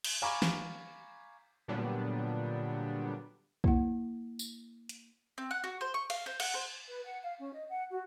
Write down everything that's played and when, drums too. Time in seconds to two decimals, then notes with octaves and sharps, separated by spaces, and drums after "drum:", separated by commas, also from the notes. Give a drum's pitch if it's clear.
0.04 drum: cymbal
0.22 F5 G#5 A#5 B5 C#6 D6
0.42 drum: snare
1.68 A#2 D3 F#3 G3 B3 D4
3.64 A#3 E4 F#5, drum: kick
4.39 drum: tambourine
4.89 drum: hi-hat
5.38 C4
5.51 F#5
5.64 F#4
5.81 C5
5.94 C#6
6.10 F5, drum: cymbal
6.26 C5
6.40 F#5, drum: cymbal
6.54 C5
6.88 B4
7.05 F#5
7.24 F5
7.39 C#4
7.53 D#5
7.69 F#5
7.90 F#4